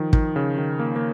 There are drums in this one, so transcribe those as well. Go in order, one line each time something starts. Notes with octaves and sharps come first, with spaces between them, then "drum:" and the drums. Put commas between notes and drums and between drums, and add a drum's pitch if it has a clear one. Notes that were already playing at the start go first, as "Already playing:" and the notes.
Already playing: D#3 F3
D#3, drum: kick
C#3
D#3
A#3
A#3